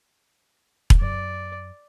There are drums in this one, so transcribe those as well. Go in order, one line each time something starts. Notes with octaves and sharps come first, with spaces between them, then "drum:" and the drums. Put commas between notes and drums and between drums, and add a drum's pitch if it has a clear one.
drum: kick E1
F#2 D5